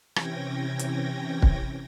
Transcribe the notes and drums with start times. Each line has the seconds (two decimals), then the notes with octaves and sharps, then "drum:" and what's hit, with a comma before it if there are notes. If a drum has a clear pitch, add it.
0.16 C3 E3 C#4 G5 G#6 A#6, drum: rim click
0.79 drum: hi-hat
1.42 drum: kick